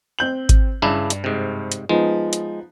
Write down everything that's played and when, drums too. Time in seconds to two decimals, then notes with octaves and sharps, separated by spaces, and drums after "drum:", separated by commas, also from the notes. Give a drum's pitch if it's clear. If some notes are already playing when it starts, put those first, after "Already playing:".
0.19 C4 G6 F#7
0.49 drum: kick G#1, hi-hat
0.82 G2 C#3 D4 E4
1.10 drum: hi-hat
1.24 G#2 C3
1.72 drum: hi-hat
1.89 F3 G#3 B3 D#4
2.33 drum: hi-hat